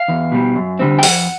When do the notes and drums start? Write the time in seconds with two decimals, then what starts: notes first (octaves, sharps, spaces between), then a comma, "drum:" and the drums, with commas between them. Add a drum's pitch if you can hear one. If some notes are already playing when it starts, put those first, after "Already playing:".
Already playing: F5
0.08 E2
0.32 B2 G3
0.55 F#2
0.79 D3 G3 C4
0.99 G5
1.03 F2 F#5, drum: open hi-hat